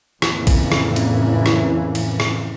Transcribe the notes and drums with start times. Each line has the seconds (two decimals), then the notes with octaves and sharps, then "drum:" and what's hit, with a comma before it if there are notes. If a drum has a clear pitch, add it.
0.22 F2 A2 C#3 E3 A#3, drum: rim click
0.47 drum: kick, cymbal
0.72 drum: rim click
0.96 drum: cymbal
1.46 drum: rim click
1.95 drum: cymbal
2.20 drum: rim click